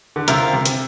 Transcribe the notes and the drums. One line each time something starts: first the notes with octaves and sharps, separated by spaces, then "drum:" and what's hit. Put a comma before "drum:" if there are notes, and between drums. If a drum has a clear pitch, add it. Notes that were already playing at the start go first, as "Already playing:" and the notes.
D3
C3 C4 F4 A#4, drum: hi-hat
C3
drum: hi-hat